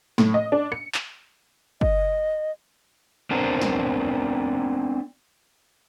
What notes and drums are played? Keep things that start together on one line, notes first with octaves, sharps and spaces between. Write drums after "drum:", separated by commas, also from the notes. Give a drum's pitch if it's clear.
A2, drum: snare
D#5
D4
C#7, drum: rim click
drum: clap
D#5, drum: kick G1
B3 C4 D4 A#4 C5
drum: snare